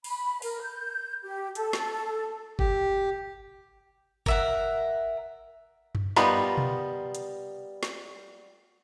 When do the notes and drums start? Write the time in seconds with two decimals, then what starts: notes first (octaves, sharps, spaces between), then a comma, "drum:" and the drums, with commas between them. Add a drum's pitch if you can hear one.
0.04 B5, drum: open hi-hat
0.42 A#4, drum: open hi-hat
0.61 G6
1.23 G4
1.55 A4, drum: hi-hat
1.73 drum: snare
2.59 G4, drum: kick F#1
4.26 A#4 E5 F#5, drum: kick F#1
5.95 drum: tom F#2
6.16 G3 B3 D#4 F4 A#4, drum: snare
6.58 drum: tom B2
7.15 drum: hi-hat
7.83 drum: snare